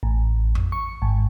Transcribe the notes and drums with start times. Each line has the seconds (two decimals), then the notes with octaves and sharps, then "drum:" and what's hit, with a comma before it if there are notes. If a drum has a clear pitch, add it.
0.03 A1
0.55 drum: tom F2
0.72 C#6
1.02 G#1